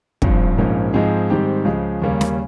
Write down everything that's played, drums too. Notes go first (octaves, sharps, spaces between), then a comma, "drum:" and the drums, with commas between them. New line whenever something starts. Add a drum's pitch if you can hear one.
G#1 G2 F3, drum: kick
A#1 G#2 F3 A#3 C#4
G#2 F3 C4 D#4 G#4
G#2 D#3 G3 C4 G4
C#2 C#3 F3 G#3
D#2 C#3 G3 A#3 C#4
drum: snare